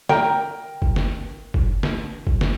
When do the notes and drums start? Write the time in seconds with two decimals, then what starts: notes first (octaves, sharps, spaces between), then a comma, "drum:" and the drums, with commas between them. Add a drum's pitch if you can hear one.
0.09 A#4 G5, drum: snare
0.82 drum: kick
0.96 drum: snare
1.54 drum: kick
1.83 drum: snare
2.27 drum: kick
2.41 drum: snare